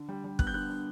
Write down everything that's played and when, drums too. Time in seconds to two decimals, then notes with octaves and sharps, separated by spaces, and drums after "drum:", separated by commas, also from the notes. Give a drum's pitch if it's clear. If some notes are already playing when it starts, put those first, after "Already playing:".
Already playing: D3
0.09 G3
0.24 G3
0.39 B3 F#6, drum: kick
0.47 G6
0.54 D3 F#6
0.69 D4